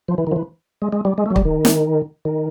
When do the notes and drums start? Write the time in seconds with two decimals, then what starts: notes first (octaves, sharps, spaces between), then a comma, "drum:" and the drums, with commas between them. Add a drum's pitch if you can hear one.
0.08 F3
0.18 E3
0.27 D#3
0.32 F3
0.36 E3
0.82 G#3
0.93 G#3
1.05 G3
1.18 G#3
1.26 A3
1.30 F#3
1.36 G3, drum: kick
1.45 D#3
1.65 drum: snare
2.25 D#3